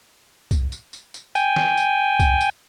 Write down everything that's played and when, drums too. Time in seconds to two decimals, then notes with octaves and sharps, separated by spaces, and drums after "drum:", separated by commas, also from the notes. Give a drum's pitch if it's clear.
0.51 drum: kick C2, tambourine
0.72 drum: tambourine
0.93 drum: tambourine
1.14 drum: tambourine
1.35 G5 G#5, drum: tambourine
1.56 drum: snare
1.77 drum: tambourine
2.20 drum: kick C2, tambourine
2.41 drum: tambourine